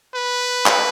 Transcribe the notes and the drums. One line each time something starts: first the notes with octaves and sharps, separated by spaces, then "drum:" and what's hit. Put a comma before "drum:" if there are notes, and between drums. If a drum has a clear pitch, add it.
B4
drum: clap